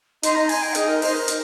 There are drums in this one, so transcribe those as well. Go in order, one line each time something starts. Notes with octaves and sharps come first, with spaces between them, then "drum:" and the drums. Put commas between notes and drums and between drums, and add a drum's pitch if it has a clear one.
D#4 C6, drum: hi-hat
A#5
G#5, drum: open hi-hat
G5
D#4 G#4, drum: hi-hat
A#4
C5, drum: open hi-hat
A#4
drum: hi-hat